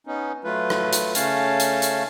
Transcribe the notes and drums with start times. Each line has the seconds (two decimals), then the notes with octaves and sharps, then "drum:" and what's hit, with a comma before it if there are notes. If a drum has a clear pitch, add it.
0.07 B3 C#4 D#4
0.44 F#3 A3 F4 B4
0.70 drum: rim click
0.93 drum: hi-hat
1.15 C#3 A3 C#4 C#5 F5 A5, drum: hi-hat
1.60 drum: hi-hat
1.82 drum: hi-hat